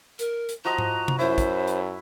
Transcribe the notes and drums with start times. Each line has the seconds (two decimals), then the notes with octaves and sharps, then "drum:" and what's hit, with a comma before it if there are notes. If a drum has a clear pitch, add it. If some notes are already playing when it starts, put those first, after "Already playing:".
0.19 A#4, drum: hi-hat
0.49 drum: hi-hat
0.65 F3 F#4 D#5 A#5
0.78 drum: tom G#2
1.08 drum: tom C3
1.19 F#2 E4 C5
1.38 drum: kick, hi-hat
1.68 drum: hi-hat